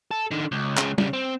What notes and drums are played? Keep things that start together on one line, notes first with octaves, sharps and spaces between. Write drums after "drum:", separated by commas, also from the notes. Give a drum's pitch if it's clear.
A4
D3 D#3
C#2
C#3 G#3, drum: clap
C#3 G3, drum: tom
C4